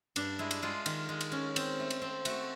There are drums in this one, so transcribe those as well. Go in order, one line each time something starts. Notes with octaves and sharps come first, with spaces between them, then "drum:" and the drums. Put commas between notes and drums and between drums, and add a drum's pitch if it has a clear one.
G2 D4, drum: cymbal
G#3 E4
drum: cymbal
G#3 F4
D#3, drum: cymbal
G#3
drum: cymbal
C#4
C4, drum: cymbal
A3
drum: cymbal
C4
A3 F#4, drum: cymbal